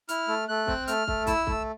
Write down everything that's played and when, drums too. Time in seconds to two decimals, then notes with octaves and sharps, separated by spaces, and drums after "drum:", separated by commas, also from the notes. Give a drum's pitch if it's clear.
0.09 E4 F6, drum: hi-hat
0.28 A3
0.48 A3 F#6
0.67 C4, drum: kick
0.88 A3 F6, drum: hi-hat
1.07 A3, drum: kick
1.27 E4 E6, drum: kick, hi-hat
1.47 A3, drum: kick